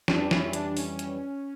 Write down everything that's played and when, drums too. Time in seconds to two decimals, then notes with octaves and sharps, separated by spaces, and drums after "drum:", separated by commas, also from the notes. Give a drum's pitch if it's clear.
0.08 F2 E3 G3 D4, drum: snare
0.31 C#4 E4, drum: snare
0.53 D4, drum: hi-hat
0.77 C#4, drum: open hi-hat
0.99 drum: hi-hat